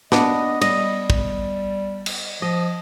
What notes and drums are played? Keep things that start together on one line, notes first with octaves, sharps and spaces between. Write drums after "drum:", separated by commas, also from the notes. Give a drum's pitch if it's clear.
B3 D4 D#5, drum: snare
G3 D#5, drum: cymbal
drum: kick
drum: cymbal
F3 D#5